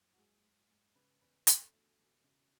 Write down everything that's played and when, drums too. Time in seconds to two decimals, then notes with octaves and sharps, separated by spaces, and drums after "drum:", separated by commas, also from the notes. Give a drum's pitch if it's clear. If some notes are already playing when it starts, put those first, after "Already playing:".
Already playing: F#1
0.13 F#4
0.18 G#2 G#4
0.44 G#2
0.70 G#2
0.95 C#3 B4
1.21 E2 B4
1.47 E2 A4, drum: hi-hat
1.72 D2
1.99 E1
2.24 C#3